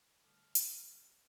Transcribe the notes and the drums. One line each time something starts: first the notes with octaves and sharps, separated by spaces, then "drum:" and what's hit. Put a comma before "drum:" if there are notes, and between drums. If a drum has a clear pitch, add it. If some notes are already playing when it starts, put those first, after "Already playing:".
D3 G3 A3 F6
drum: hi-hat